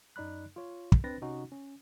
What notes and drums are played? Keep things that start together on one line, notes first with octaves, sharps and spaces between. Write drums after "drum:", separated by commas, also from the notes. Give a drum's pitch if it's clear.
F#2 D#4 D5 B5 F#6
F4 C#5
drum: kick
C4 D4 B4 A6 A#6
C3 C#4 D#4 F#4
C#4